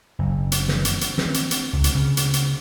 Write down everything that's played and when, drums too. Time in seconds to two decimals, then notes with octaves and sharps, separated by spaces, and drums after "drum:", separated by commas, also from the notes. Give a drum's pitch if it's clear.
0.19 F#1
0.52 drum: hi-hat
0.68 drum: snare
0.85 drum: hi-hat
1.01 drum: hi-hat
1.18 C4, drum: snare
1.34 drum: hi-hat
1.51 drum: hi-hat
1.73 C#2
1.84 drum: hi-hat
1.95 C#3
2.17 drum: hi-hat
2.33 drum: hi-hat